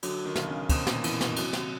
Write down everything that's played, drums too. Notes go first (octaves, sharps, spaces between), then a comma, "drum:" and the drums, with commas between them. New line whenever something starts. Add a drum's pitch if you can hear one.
D3 F#3, drum: cymbal
D#3
B1, drum: snare
C#3
B2 C4, drum: kick, cymbal
A#2, drum: snare
B2 E3, drum: cymbal
B2, drum: snare
B2
C3 F#3, drum: cymbal
C3, drum: snare